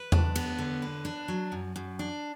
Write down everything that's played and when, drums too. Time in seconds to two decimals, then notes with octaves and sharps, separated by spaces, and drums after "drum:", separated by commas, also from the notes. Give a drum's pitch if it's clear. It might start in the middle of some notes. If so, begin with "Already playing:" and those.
Already playing: B4
0.12 D4, drum: tom E2
0.36 B3, drum: cymbal
0.59 D3
0.82 B4
1.05 D4
1.28 F#3
1.52 F#2
1.76 F#2
1.99 D4